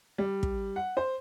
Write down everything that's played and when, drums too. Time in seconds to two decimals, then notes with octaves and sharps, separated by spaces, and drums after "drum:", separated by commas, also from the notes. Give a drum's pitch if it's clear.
0.18 G3
0.43 drum: kick
0.76 F#5
0.97 C5